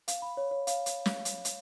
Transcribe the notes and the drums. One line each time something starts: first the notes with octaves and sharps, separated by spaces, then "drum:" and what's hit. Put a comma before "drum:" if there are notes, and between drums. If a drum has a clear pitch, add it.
F5, drum: hi-hat
B5
C#5
C#5
F5, drum: hi-hat
drum: hi-hat
drum: snare
drum: hi-hat
drum: hi-hat